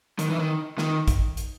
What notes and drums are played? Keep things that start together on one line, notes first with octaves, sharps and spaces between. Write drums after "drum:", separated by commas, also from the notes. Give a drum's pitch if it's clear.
D#3, drum: hi-hat
E3
D#3
D#3, drum: snare
drum: kick A1, hi-hat
drum: hi-hat